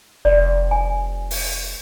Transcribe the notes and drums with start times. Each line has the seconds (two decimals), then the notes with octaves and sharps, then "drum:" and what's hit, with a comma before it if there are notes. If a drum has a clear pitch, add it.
0.25 F1 D5
0.71 G#5
1.31 drum: open hi-hat